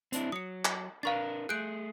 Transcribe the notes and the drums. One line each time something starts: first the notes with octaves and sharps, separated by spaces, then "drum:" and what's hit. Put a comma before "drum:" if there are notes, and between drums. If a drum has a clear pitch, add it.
C4 D4 E4, drum: hi-hat
F#3 D#6 C#7
drum: clap
D4 A#4 B4 F5 C#6 A6
A3 G#4 F#6 G6 D7